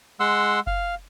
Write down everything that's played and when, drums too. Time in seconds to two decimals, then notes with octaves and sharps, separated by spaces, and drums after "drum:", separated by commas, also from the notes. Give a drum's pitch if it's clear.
0.20 G#3 F#5 C6 E6
0.67 F5, drum: kick F#1